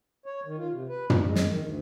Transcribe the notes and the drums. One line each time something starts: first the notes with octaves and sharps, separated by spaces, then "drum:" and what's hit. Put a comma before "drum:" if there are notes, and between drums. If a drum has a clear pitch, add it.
C#5
D#3
F4
C3
B4
D2, drum: tom
G#3
drum: snare
D#3
D2